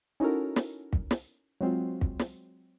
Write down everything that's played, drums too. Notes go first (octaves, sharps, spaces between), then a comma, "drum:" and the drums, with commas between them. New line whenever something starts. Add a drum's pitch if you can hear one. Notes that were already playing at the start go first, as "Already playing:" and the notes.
C#4 D#4 E4 F#4 A4 A#4
drum: snare
drum: kick
drum: snare
F#3 G#3 C4 F4 F#4
drum: kick
drum: snare